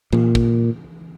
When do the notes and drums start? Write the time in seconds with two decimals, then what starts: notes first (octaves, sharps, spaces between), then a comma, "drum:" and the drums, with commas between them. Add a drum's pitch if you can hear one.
0.13 A#2, drum: tom E3
0.35 drum: kick